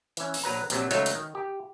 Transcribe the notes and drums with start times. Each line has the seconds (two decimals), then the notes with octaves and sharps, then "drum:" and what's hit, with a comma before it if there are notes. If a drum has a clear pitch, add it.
0.17 E3 C#4, drum: hi-hat
0.34 drum: open hi-hat
0.43 A#1 F#3 B4 A#5
0.70 A#1 C3 F#3, drum: hi-hat
0.91 C#2 F#3 A3 D#4 C#5, drum: hi-hat
1.06 drum: hi-hat
1.15 D#3
1.35 G4